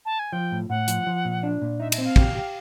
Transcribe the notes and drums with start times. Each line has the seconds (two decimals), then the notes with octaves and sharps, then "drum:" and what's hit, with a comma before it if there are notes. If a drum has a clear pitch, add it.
0.05 A5
0.19 G#5
0.32 F3 G5
0.52 A2
0.70 A2 F#5
0.88 F3, drum: hi-hat
1.07 F3
1.25 A#2
1.43 D4
1.62 A#2
1.80 D#4 E5
1.92 E5, drum: cymbal
1.98 C4
2.04 F5
2.16 G4, drum: kick
2.35 G4